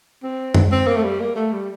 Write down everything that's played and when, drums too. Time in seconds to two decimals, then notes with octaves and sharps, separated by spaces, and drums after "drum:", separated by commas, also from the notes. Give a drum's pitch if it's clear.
0.23 C4
0.54 drum: tom
0.72 C4
0.88 A#3
0.96 A3
1.04 G3
1.20 A#3
1.36 A3
1.53 G3